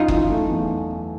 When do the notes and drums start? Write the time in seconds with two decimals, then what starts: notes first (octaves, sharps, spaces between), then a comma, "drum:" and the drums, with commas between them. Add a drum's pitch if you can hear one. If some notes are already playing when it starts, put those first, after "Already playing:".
Already playing: F#2 D#4 F4
0.08 E3, drum: kick F#1
0.30 A3
0.49 E2